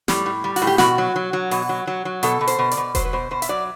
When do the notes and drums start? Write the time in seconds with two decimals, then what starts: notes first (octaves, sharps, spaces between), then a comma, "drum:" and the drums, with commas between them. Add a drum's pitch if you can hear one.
0.08 A2 G3, drum: snare
0.26 A2
0.44 G3
0.56 F#4, drum: open hi-hat
0.62 A2
0.67 G4
0.78 B2 F#4, drum: snare
0.98 F#3
1.16 F#3
1.33 F#3
1.51 B2, drum: open hi-hat
1.69 F#3
1.87 F#3
2.05 F#3
2.23 B2 A4, drum: hi-hat
2.41 B2
2.47 C5, drum: hi-hat
2.59 B2
2.71 D5, drum: hi-hat
2.77 B2
2.95 F#3 C5, drum: kick E1, hi-hat
3.05 B4
3.13 B2 C5
3.31 B2 C5
3.42 E5, drum: hi-hat
3.49 F#3 D5